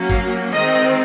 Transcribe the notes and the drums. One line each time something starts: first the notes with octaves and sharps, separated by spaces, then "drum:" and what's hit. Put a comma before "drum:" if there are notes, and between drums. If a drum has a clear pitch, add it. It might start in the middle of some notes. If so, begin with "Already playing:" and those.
Already playing: F#3 A#3 C#4
F5, drum: kick G#1
D#3 G#3 C4 D#5